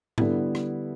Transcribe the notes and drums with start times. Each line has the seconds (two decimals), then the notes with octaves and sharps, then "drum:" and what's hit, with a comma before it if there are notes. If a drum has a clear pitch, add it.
0.18 D3 G3 B3 E4, drum: tom G#2
0.55 drum: rim click